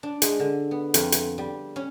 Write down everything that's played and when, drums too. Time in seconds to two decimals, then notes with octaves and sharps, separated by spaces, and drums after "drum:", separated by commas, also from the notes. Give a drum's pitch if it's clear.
0.03 D4
0.22 G#3, drum: hi-hat
0.40 D3
0.71 B3
0.94 F2, drum: hi-hat
1.12 drum: hi-hat
1.38 G3
1.76 C#4